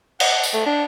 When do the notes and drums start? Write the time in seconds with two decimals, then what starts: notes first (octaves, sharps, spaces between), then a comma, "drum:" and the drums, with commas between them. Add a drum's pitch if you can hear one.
0.20 F#5, drum: cymbal
0.44 drum: tambourine
0.54 A3
0.66 D4